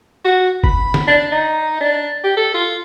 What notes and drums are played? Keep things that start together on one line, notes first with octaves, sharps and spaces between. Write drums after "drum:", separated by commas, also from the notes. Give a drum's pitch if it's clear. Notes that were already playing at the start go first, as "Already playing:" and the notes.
F#4
B5, drum: kick
drum: snare
D4
D#4
D4
G4
A4
F4